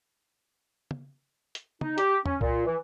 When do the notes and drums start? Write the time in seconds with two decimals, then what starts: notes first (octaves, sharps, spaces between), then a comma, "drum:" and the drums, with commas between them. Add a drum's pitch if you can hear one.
0.91 drum: tom
1.55 drum: hi-hat
1.81 D#4, drum: tom
1.98 G4, drum: hi-hat
2.26 C#4, drum: tom E2
2.41 A#2, drum: kick C2
2.66 E3